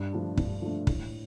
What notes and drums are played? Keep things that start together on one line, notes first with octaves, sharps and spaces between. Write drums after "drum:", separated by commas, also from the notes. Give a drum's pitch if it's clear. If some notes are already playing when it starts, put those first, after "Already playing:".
Already playing: G2
F3 A3 D4
G2, drum: kick
F3 A3 D4
A2, drum: kick